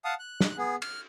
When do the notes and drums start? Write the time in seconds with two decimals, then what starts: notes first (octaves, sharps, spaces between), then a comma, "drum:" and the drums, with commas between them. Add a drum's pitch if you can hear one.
0.05 F5 F#5 A5 D#6
0.19 F#6
0.41 drum: snare
0.57 B3 G#4
0.82 F6, drum: cymbal